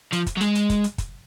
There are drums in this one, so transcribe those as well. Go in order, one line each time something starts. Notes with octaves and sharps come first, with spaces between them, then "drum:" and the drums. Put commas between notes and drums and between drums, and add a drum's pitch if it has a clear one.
F3, drum: hi-hat
drum: kick, hi-hat
F#3
G#3, drum: hi-hat
drum: hi-hat
drum: kick, hi-hat
drum: hi-hat
drum: kick, hi-hat